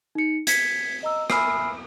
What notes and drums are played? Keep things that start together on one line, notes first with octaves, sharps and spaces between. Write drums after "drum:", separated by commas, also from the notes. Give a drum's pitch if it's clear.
D#4 C#7
G#6 B6 C#7, drum: hi-hat
D#5 A#5 E6
E5 G#5 B5 E6 F6 C7, drum: rim click